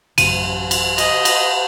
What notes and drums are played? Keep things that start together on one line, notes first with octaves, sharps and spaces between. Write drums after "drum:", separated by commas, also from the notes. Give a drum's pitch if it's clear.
A1 F#2 C#3 D#7, drum: cymbal
drum: cymbal
D#5, drum: cymbal
drum: cymbal